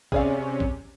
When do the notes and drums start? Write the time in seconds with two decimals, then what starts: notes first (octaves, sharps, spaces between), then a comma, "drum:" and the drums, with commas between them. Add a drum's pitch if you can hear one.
0.12 C3 C#4 G#4 D5 F5, drum: kick A1
0.60 drum: kick A1